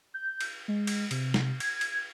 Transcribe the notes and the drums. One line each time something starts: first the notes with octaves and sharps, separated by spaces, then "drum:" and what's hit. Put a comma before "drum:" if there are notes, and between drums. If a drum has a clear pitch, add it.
G6
drum: cymbal
G#3
drum: cymbal
C3, drum: cymbal
drum: snare
G#6, drum: cymbal
drum: cymbal